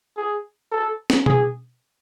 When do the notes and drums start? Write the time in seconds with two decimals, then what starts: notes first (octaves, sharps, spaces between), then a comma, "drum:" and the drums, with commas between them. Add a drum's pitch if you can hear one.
0.17 G#4
0.72 A4
1.10 drum: snare
1.26 G#4, drum: tom B2